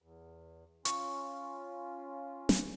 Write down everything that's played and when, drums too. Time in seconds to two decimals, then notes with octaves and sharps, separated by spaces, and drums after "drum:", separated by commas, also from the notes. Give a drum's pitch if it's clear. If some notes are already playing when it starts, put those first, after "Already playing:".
0.02 E2
0.85 C#4 F4 C#6, drum: hi-hat
2.49 drum: snare